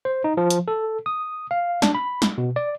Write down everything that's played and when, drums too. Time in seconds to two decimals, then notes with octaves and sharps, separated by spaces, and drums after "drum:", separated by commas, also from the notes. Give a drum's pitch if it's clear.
0.05 C5
0.24 D#4
0.37 F3
0.50 drum: hi-hat
0.68 A4
1.06 D#6
1.51 F5
1.82 D4, drum: snare
1.95 B5
2.22 drum: snare
2.38 B2
2.56 D5